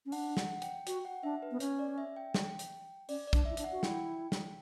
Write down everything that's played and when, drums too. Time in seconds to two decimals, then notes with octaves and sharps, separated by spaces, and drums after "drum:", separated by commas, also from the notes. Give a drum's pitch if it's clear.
0.06 C#4
0.12 D4 F#5, drum: open hi-hat
0.37 F#5, drum: snare
0.62 G5, drum: hi-hat
0.87 F#4 G5, drum: hi-hat
1.05 F#5
1.23 D4 E5
1.42 B4
1.51 B3
1.60 C#4 C#5, drum: hi-hat
1.79 D5
1.98 E5
2.16 G5
2.34 G5, drum: snare
2.59 drum: hi-hat
3.09 C#4 D5, drum: open hi-hat
3.27 D5
3.33 D4, drum: kick, hi-hat
3.45 E4 E5
3.57 D4, drum: hi-hat
3.64 F#5
3.72 F#4
3.83 E4 G5, drum: snare
4.32 drum: snare